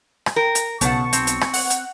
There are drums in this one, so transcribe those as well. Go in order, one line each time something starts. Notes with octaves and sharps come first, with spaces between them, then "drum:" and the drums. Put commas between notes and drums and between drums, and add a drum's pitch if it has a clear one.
drum: rim click
A#4 G5
drum: hi-hat
B1 C#3 B3 F#5 A5 C#6, drum: hi-hat
C4, drum: hi-hat
drum: hi-hat
drum: rim click
F#5, drum: open hi-hat
drum: hi-hat